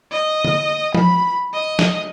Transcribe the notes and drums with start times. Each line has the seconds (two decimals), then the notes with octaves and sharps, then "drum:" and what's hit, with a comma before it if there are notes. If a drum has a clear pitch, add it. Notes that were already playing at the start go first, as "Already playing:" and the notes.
0.11 D#5
0.44 drum: tom
0.94 B5, drum: tom F3
1.54 D#5
1.79 drum: snare